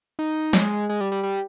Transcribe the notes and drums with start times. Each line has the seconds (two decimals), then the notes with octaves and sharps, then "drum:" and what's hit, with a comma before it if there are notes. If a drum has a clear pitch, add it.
0.19 D#4
0.53 G#3, drum: snare
0.89 G#3
1.01 G3
1.12 G3
1.23 G3